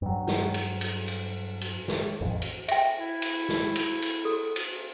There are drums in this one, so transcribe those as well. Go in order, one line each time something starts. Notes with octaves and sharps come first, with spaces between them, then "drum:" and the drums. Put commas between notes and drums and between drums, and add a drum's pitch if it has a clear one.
G2 F#3
drum: snare
drum: cymbal
drum: cymbal
drum: cymbal
drum: cymbal
drum: snare
A1 F2
drum: cymbal
E5 G5, drum: cymbal
E4
drum: cymbal
drum: snare
drum: cymbal
drum: cymbal
A4
drum: cymbal